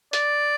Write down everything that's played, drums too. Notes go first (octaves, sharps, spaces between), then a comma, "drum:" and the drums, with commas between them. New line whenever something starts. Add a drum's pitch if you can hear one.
D5, drum: hi-hat